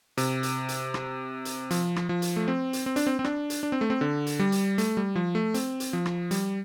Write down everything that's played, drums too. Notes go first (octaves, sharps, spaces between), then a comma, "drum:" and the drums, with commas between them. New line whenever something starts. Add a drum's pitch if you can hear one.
C3, drum: hi-hat
drum: hi-hat
drum: hi-hat
drum: rim click
drum: hi-hat
F3, drum: hi-hat
drum: rim click
F3
drum: hi-hat
A3
C4
drum: hi-hat
C4
D4, drum: hi-hat
C4
C4
D4, drum: rim click
drum: hi-hat
D4
C4
A3
C4
D3
drum: hi-hat
G3
drum: hi-hat
A3, drum: hi-hat
G3
F3
A3
C4, drum: hi-hat
drum: hi-hat
F3
drum: rim click
G3, drum: hi-hat